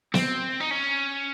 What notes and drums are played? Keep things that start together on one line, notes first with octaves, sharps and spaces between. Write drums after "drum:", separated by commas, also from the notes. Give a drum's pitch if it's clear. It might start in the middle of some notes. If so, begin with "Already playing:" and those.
C4, drum: snare B3
D#4
C#4